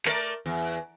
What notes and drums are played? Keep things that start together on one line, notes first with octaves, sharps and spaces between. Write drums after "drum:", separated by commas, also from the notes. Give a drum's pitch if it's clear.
A3 A#4 D5, drum: clap
E2